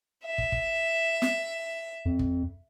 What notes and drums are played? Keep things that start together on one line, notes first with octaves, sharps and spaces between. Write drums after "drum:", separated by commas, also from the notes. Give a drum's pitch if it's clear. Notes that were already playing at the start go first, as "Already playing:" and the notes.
E5
drum: kick
drum: kick
drum: snare
F2
drum: kick